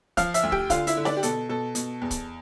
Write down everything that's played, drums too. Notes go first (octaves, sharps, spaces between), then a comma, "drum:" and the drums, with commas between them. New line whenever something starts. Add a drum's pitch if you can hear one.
F3 F5 F6, drum: kick, hi-hat
E5 E6, drum: hi-hat
D2
G4 G5, drum: kick
D3 F4 F5, drum: kick, hi-hat
E4 E5, drum: hi-hat
D3
D4 D5, drum: snare D#4
G4
B2 A4, drum: hi-hat
B2 A4
B2, drum: hi-hat
E2
drum: kick, hi-hat